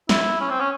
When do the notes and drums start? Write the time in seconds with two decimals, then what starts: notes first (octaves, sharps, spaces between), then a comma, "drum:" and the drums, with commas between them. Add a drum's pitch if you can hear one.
0.09 E4, drum: snare
0.40 C#4
0.50 C4
0.60 C#4